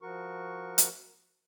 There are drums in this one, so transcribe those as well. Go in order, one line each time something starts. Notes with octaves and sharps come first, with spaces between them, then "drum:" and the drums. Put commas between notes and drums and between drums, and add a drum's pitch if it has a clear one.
F3 F#4 A#4 C#6
drum: hi-hat